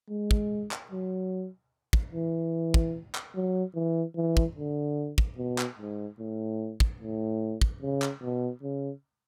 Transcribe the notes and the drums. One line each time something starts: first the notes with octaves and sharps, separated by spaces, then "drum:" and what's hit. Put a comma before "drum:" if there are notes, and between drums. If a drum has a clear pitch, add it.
G#3
drum: kick
drum: clap
F#3
drum: kick
E3
drum: kick
drum: clap
F#3
E3
E3
drum: kick
D3
drum: kick
B2
drum: clap
G#2
A2
drum: kick
A2
drum: kick
C#3
drum: clap
B2
C#3